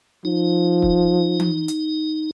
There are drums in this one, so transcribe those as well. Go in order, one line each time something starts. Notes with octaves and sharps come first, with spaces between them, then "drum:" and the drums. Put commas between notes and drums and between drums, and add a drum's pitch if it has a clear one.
F3 D#4
drum: kick
drum: tom E3
drum: hi-hat